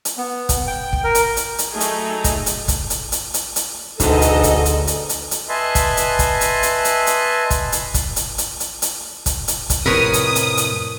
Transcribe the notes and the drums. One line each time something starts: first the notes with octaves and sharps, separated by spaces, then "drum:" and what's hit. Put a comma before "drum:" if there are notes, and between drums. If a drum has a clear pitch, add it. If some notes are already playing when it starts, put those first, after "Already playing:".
drum: hi-hat
B3
drum: kick, hi-hat
G5
drum: kick
A#4
drum: hi-hat
drum: hi-hat
drum: hi-hat
F#3 A3 D#4 G#4
drum: hi-hat
drum: kick, hi-hat
drum: hi-hat
drum: kick, hi-hat
drum: hi-hat
drum: hi-hat
drum: hi-hat
drum: hi-hat
D2 G#2 B2 A4 D#5, drum: kick, hi-hat
drum: hi-hat
drum: kick, hi-hat
drum: hi-hat
drum: hi-hat
drum: hi-hat
drum: hi-hat
B4 D#5 E5 G#5 A5 C6
drum: kick, hi-hat
drum: hi-hat
drum: kick, hi-hat
drum: hi-hat
drum: hi-hat
drum: hi-hat
drum: hi-hat
drum: kick, hi-hat
drum: hi-hat
drum: kick, hi-hat
drum: hi-hat
drum: hi-hat
drum: hi-hat
drum: hi-hat
drum: kick, hi-hat
drum: hi-hat
drum: kick, hi-hat
F2 A2 C3 A#4 B4 C#5 D#6
drum: hi-hat
drum: hi-hat
drum: hi-hat